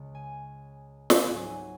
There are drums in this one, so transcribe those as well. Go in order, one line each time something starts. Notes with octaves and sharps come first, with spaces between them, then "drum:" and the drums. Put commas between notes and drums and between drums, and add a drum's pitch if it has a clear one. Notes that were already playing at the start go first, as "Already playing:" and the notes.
Already playing: C#2 C#3
G#5
drum: snare
G#2 F#3 G#5